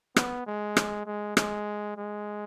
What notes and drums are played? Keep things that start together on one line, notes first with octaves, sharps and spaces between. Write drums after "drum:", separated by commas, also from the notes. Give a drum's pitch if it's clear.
B3, drum: rim click
G#3
drum: rim click
G#3
G#3, drum: rim click
G#3